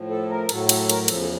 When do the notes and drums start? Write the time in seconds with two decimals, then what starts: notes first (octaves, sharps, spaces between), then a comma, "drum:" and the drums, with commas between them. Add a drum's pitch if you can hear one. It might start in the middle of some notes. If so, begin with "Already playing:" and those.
Already playing: A2 F3
0.10 A4
0.30 A#4
0.49 A2 F#3 A4, drum: cymbal
0.69 A4, drum: cymbal
0.89 A#4, drum: cymbal
1.03 A#4
1.08 E2 C#3 F3 A4, drum: cymbal
1.22 A4